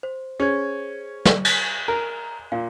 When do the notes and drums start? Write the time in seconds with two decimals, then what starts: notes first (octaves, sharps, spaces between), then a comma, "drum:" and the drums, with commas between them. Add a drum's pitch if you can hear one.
0.03 C5
0.40 C#4 G#4 C5 G#6
1.25 drum: snare
1.45 drum: cymbal
1.88 A#4 A#5
2.52 A#2 F5